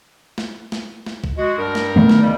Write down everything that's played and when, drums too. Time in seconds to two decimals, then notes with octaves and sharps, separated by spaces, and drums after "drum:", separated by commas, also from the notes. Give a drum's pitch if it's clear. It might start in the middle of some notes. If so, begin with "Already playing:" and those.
0.38 drum: snare
0.72 drum: snare
1.06 drum: snare
1.24 drum: kick
1.37 G#3 F#4
1.58 G2 G3 A#4
1.75 drum: snare
1.96 D#3 A3 B3
2.09 drum: snare
2.20 C#2 C#3 G3